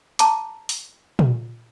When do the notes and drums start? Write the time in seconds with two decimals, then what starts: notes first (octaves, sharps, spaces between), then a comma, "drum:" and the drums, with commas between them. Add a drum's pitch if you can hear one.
0.19 A5 A#5 D6, drum: hi-hat
0.69 drum: open hi-hat
1.19 drum: tom A#2